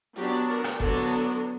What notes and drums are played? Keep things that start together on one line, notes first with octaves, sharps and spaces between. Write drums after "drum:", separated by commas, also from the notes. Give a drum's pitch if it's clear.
F#3 B3 D4 G4, drum: hi-hat
drum: hi-hat
A#4
drum: rim click
D3 F#3 B3 D4 A4, drum: kick G1, hi-hat
drum: open hi-hat
drum: hi-hat
drum: hi-hat